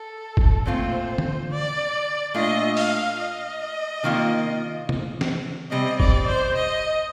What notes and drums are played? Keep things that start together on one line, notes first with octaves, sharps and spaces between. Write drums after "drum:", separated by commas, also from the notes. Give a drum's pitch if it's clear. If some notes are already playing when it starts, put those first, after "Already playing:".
Already playing: A4
drum: kick
A#2 A3 C4 F4 C5
drum: tom D3
D5
A#2 A3 D4 F4 D#5
F5, drum: open hi-hat
D#5
C3 D#3 A#3 F4
drum: tom C3
drum: snare
C3 G3 C4 D#5
D5, drum: kick
C5
D#5